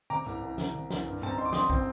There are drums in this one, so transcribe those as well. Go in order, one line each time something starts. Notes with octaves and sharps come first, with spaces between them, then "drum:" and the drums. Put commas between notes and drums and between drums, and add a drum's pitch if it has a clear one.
C3 A#5 D6
C2, drum: tom A2
C2
C2, drum: snare
C3
C2, drum: snare
G2
C4 A5, drum: tom A2
A#5
D#4 C6
D6
C4 C6 D#6, drum: snare
C4, drum: kick